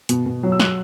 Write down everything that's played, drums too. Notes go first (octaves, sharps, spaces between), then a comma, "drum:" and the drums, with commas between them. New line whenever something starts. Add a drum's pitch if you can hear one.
B2, drum: hi-hat
B2
F#3
E6
F#6, drum: snare